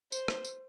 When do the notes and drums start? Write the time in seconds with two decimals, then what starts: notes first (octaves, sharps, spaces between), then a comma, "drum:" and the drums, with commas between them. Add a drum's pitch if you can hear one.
0.12 C5, drum: tambourine
0.28 drum: rim click
0.45 drum: tambourine